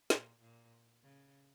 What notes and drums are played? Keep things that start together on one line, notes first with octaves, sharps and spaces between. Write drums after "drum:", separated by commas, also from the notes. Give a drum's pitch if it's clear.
A#2, drum: snare
A#2
C#3